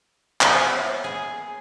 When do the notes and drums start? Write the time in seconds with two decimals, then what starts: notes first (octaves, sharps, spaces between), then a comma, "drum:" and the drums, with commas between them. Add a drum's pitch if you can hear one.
0.41 A#3 B3 C5 D5 E5, drum: clap
0.73 C5 C#5 E5
1.04 G#4